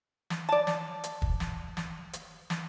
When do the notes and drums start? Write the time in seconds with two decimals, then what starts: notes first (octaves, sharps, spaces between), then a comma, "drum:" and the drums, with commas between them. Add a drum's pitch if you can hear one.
0.30 drum: snare
0.49 D5 A5
0.67 drum: snare
1.04 drum: hi-hat
1.22 drum: kick
1.40 drum: snare
1.77 drum: snare
2.13 drum: hi-hat
2.50 drum: snare